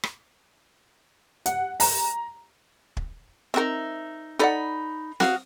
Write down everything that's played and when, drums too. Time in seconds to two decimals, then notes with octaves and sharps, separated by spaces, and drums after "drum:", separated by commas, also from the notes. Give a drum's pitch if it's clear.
0.03 drum: rim click
1.46 F#5, drum: hi-hat
1.80 A#5, drum: open hi-hat
2.97 drum: kick
3.54 C4 D#4 F#4 A#4 E5
4.39 D#4 A4 D5 F#5 B5
5.20 F#4 F5 D#6, drum: snare C4